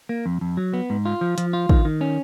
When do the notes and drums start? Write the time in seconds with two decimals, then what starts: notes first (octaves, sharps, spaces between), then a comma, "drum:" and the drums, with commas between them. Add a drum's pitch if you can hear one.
0.09 A#3
0.26 F2
0.41 F2
0.57 F#3
0.74 B3
0.90 G#2
1.05 F4
1.21 F3
1.38 F3, drum: hi-hat
1.53 F4
1.69 D#3, drum: kick
1.85 D#3
2.01 C#4